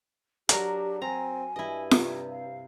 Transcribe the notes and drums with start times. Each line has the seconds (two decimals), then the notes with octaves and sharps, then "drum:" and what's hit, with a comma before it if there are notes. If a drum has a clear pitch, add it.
0.49 F#3 D4 F#4 G4 A#4, drum: hi-hat
1.02 C4 G#5 A#5
1.56 G2 E4 D#5
1.91 C3, drum: snare
2.30 F5